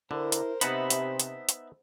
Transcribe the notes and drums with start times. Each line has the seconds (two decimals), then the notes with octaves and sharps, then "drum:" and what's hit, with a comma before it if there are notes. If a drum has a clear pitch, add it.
0.11 D3 E4 A#4 C5
0.32 drum: hi-hat
0.61 C3 B3 D#4 E5 F#5 A5 B5, drum: hi-hat
0.90 drum: hi-hat
1.20 drum: hi-hat
1.49 drum: hi-hat